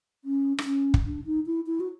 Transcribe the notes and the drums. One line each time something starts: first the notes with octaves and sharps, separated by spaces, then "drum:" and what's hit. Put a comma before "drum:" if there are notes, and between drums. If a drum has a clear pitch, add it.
C#4
D4, drum: rim click
C#4
drum: kick
D4
D#4
E4
E4
F#4